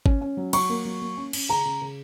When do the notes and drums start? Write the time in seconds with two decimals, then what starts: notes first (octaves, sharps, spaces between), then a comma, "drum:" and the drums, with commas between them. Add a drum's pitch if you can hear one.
0.06 C#4, drum: kick G#1
0.21 C#4
0.37 F#3
0.53 F#3 C#6, drum: cymbal
0.69 A#3
0.85 F#3
1.01 A#3
1.17 C#4
1.33 C#4, drum: cymbal
1.49 C#3 A#5
1.65 C#3
1.81 C#3